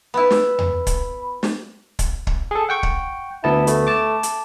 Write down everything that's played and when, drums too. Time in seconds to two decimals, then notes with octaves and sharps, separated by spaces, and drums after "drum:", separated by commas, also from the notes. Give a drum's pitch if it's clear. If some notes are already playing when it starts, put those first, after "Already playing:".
0.14 B3 E4 B5
0.31 drum: snare
0.59 drum: tom E2
0.87 drum: kick, hi-hat
1.43 drum: snare
1.99 drum: kick, hi-hat
2.27 drum: kick
2.51 G#4 A4
2.69 F#5 G5 C#6
2.83 drum: kick
3.44 D2 B3 E4 A5
3.67 A3, drum: hi-hat
3.87 A5 D6
4.23 drum: hi-hat